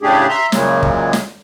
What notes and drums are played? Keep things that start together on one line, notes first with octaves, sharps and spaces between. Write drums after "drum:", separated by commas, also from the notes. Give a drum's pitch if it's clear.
A2 C#3 A3 D4 G4 G#4
E5 A#5 C6
F#2 A#2 C#3 F#3 G#3, drum: snare
drum: kick
drum: snare